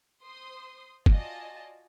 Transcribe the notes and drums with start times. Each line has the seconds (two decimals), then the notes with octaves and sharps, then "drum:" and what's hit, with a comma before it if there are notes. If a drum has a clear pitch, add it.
0.23 C5 C6 D#6
1.06 F4 F#4 D5 D#5 G#5 A5, drum: kick F#1